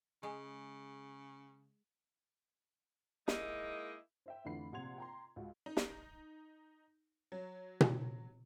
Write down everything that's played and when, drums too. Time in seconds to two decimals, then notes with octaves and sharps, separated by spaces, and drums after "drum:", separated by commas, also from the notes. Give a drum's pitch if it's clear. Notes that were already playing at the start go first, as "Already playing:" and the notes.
0.23 C#3 G#3
3.28 G#3 A#3 D#4 E4 D#5, drum: snare
4.26 C5 E5 G5
4.45 F1 D3 E3 F4 B5 C7
4.72 A#1 C3 F#5 C6 G#6 F7
4.98 G5 A#5 C6
5.36 C#2 F4 F#4
5.66 D#4
5.77 drum: snare
7.32 F#3
7.81 drum: tom B2